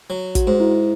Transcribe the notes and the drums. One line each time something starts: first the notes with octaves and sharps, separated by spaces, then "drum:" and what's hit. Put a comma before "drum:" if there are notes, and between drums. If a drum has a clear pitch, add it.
F#3
F#4, drum: kick, hi-hat
G#2
E4